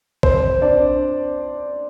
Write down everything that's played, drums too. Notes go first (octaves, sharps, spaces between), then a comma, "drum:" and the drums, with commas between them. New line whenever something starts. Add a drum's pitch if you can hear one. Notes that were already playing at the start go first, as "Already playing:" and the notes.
C4 C5, drum: kick A#1
D4 D5